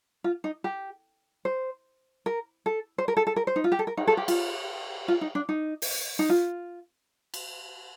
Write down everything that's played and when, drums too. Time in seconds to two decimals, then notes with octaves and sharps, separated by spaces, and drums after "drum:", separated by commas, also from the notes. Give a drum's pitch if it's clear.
0.24 F4
0.44 D#4
0.64 G4
1.45 C5
2.26 A#4
2.66 A4
2.98 C5
3.08 A#4
3.17 A4
3.27 A4
3.36 A#4
3.47 C5
3.56 D#4
3.64 F4
3.72 G4
3.79 A4
3.87 A#4
3.97 D#4, drum: cymbal
4.07 A4
4.17 G4
4.28 F4, drum: cymbal
5.08 F4
5.21 D#4
5.35 D4
5.49 D#4
5.82 drum: open hi-hat
6.19 D#4
6.29 F4
7.34 drum: cymbal